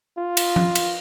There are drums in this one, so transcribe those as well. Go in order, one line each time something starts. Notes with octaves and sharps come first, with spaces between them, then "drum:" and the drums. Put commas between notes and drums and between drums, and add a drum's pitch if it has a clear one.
F4
drum: cymbal
drum: tom F3
drum: cymbal